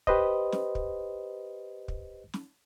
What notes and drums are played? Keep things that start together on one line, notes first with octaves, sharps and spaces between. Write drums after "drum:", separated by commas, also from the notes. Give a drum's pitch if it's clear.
G4 B4 C5 D#5, drum: kick
drum: snare
drum: kick
drum: kick
drum: snare